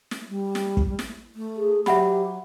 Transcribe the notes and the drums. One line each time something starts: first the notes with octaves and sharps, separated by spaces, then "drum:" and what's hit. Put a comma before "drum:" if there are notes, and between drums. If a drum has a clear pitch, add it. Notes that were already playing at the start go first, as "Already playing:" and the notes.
drum: snare
G3
drum: snare
drum: kick
drum: snare
A3
G#4
F#3 G4 E5 F#5 B5, drum: snare